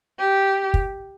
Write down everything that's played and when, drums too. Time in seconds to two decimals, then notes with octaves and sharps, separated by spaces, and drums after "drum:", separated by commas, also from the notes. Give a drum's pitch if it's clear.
0.19 G4
0.74 drum: kick